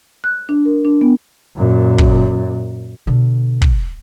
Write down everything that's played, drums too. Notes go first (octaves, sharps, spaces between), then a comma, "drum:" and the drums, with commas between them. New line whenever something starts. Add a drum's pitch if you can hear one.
F#6
D4
A#4
D4
B3
F#2 A#2
drum: kick
B2 D3
drum: kick